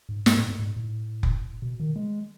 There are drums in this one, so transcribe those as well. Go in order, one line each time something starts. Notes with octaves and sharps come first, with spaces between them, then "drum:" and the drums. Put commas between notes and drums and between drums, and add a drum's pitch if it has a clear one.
G#2
G#2, drum: snare
A2
G#2
G#2
A2
drum: kick F1
B2
D#3
G#3